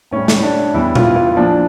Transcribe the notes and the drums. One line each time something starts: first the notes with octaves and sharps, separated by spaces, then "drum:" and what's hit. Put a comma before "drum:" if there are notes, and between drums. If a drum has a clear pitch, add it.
A2 G3 C#4
drum: snare
D4
E2 E3 G3 E4
F4, drum: tom A#2
F4
A#2 F3 D4